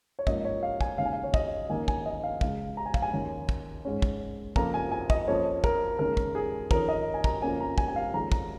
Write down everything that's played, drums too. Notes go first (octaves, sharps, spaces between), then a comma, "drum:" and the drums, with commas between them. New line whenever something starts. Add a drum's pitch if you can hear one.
C#5
G#2 F3 A#3 C#4 D#5, drum: kick
C#5
F5
G#5, drum: kick
D#2 C#3 G#3 C#4 F5
G#5
F5
C#5
D#5, drum: kick
D#2 D#3 A#3 C#4 G#5
G#5, drum: kick
D#5
F5
C#2 C#3 G#3 F5, drum: kick
A#5
G#5
F5, drum: kick
G#5
D#2 D#3 C#4
drum: kick
G#2 G#3 C#4
drum: kick
F2 C#3 F3 A#3 A#5, drum: kick
G#5
G#5
D#5, drum: kick
F2 F3 A#3 C#4 C#5
A#4, drum: kick
D#2 C#3 G#3 C#4 A#4
drum: kick
G#4
F2 D#3 C#4 A#4, drum: kick
D#5
G#5
A#5, drum: kick
F2 C#3 A#3 C#4 G#5
A#5
G#5, drum: kick
G#5
F5
F2 D#3 G#3 C#4 A#5
A#5, drum: kick